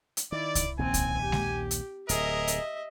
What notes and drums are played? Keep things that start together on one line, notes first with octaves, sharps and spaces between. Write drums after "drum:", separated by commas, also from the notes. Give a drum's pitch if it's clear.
drum: hi-hat
D#3 E4 D5
drum: kick C2, hi-hat
A#1 D#2 C#3 C4 G#5
drum: kick C2, hi-hat
G4
drum: snare G#3
drum: hi-hat
D1 G#4 A#4 D#5 E5, drum: hi-hat
drum: hi-hat